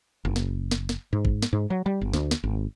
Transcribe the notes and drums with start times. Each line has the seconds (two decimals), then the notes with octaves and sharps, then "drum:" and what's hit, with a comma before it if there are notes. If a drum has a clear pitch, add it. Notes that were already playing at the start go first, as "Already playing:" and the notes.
0.25 F#1
0.36 drum: snare
0.71 drum: snare
0.89 drum: snare
1.13 G#2
1.25 drum: kick
1.42 drum: snare
1.53 G#2
1.70 F#3
1.86 G3
2.01 G1
2.14 D2, drum: snare
2.31 drum: snare
2.43 G#1